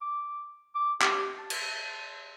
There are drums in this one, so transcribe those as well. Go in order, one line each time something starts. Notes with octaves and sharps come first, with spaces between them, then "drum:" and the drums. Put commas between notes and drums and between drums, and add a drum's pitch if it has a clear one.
D6
D6
G4, drum: clap
A5
drum: cymbal